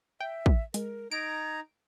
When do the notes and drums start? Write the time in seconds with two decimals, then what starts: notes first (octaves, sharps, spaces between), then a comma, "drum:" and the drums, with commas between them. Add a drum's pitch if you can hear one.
0.20 E5 G5
0.46 drum: kick
0.74 G#3 A#4, drum: hi-hat
1.11 D#4 A#5 G#6 D7